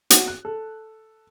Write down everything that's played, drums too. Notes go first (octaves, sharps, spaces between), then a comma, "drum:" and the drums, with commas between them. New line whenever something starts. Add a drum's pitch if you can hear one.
F#4, drum: hi-hat
F#6
A4